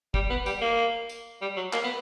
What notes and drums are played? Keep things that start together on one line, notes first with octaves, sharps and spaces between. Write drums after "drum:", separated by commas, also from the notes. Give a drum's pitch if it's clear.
G3, drum: kick
B3
G3, drum: tambourine
A#3
drum: tambourine
G3
F#3
A#3, drum: clap
B3